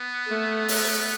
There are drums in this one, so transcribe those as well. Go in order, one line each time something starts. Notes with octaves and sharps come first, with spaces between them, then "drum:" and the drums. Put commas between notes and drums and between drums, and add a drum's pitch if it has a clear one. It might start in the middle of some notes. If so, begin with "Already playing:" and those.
Already playing: B3
A3
drum: open hi-hat